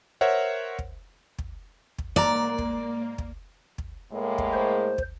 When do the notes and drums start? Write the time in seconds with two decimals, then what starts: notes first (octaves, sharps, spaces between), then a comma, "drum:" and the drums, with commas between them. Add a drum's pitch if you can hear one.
0.21 A#4 C5 C#5 E5 F#5
0.79 drum: kick
1.38 drum: kick
1.98 drum: kick
2.16 G#2 A#3 D5 A#5
2.58 drum: kick
3.18 drum: kick
3.78 drum: kick
4.12 A2 G#3 A#3
4.38 drum: kick
4.53 C5
4.98 drum: kick